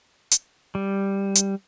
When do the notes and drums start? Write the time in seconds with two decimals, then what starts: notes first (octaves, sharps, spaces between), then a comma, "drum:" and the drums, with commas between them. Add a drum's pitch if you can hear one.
0.31 drum: hi-hat
0.75 G3
1.35 drum: hi-hat